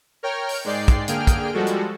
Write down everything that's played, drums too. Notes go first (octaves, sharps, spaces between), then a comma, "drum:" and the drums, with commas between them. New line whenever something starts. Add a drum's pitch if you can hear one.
A#4 C#5 G5 F6
drum: open hi-hat
G#2 G#3 D5 G5 C7
drum: kick, hi-hat
D3 A#3 G#4 G5 F6 D7, drum: hi-hat
drum: kick, hi-hat
F3 G3 G#3 F#4 A4
drum: hi-hat